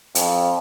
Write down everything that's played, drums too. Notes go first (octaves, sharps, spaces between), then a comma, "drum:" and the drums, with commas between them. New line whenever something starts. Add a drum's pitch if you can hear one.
F2, drum: hi-hat